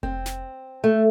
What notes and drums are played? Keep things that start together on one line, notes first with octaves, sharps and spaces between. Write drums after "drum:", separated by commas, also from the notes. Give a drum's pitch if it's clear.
C4, drum: kick F1
drum: snare
A3